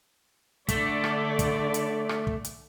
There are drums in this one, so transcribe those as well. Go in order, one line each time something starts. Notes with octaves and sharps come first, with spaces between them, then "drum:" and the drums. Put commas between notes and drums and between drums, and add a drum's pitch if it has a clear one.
D3 A3 D5, drum: kick, hi-hat
drum: rim click
drum: kick, hi-hat
drum: hi-hat
drum: rim click
drum: kick
drum: hi-hat